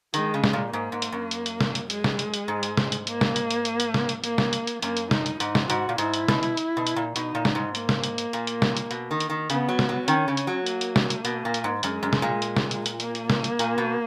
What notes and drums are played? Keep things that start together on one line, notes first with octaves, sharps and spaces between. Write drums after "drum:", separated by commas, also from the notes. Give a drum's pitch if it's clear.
D#3 G#3, drum: hi-hat
C#3
drum: snare
A#2
G#2 A#3
G#2
drum: hi-hat
F#2
drum: hi-hat
drum: hi-hat
drum: snare
drum: hi-hat
G#3, drum: hi-hat
drum: snare
drum: hi-hat
drum: hi-hat
G#2
drum: hi-hat
drum: snare
drum: hi-hat
A#3, drum: hi-hat
drum: snare
drum: hi-hat
drum: hi-hat
drum: hi-hat
drum: hi-hat
drum: snare
drum: hi-hat
A#3, drum: hi-hat
drum: snare
drum: hi-hat
drum: hi-hat
F#2 A#3, drum: hi-hat
drum: hi-hat
D#4, drum: snare
drum: hi-hat
G#2 D#4, drum: hi-hat
drum: snare
G#2 F#4, drum: hi-hat
A#2
G#2 E4, drum: hi-hat
drum: hi-hat
B2, drum: snare
drum: hi-hat
drum: hi-hat
B2
drum: hi-hat
A#2
B2 D#4, drum: hi-hat
A#2
drum: snare
G#2
A#3, drum: hi-hat
drum: snare
drum: hi-hat
drum: hi-hat
A#2, drum: hi-hat
drum: hi-hat
drum: snare
drum: hi-hat
B2, drum: hi-hat
D#3
drum: hi-hat
D#3
C#3 B3, drum: hi-hat
F#3
drum: snare
F#3
D#3 C#4, drum: hi-hat
C#3
drum: hi-hat
F#3
A#3, drum: hi-hat
drum: hi-hat
drum: snare
drum: hi-hat
B2, drum: hi-hat
A#2
drum: hi-hat
G#2
F#2 G#3, drum: hi-hat
F#2
drum: snare
A#2
drum: hi-hat
drum: snare
drum: hi-hat
drum: hi-hat
A#3, drum: hi-hat
drum: hi-hat
drum: snare
drum: hi-hat
A#2, drum: hi-hat
B2